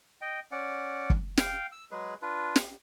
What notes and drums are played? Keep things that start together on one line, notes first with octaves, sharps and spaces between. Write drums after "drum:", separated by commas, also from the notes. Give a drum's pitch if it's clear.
D#5 G5
C#4 D5 F#5
drum: kick
F5 G5, drum: snare
E6
F#3 G#3 G#4 B4
D4 F4 B4
drum: snare